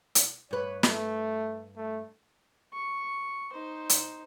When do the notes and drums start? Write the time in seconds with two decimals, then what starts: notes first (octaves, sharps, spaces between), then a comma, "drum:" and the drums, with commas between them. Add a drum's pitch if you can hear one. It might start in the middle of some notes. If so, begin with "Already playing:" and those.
0.15 drum: hi-hat
0.51 G2 B4 C#5
0.83 A3, drum: snare
1.77 A3
2.73 C#6
3.53 D#4 C5
3.89 drum: hi-hat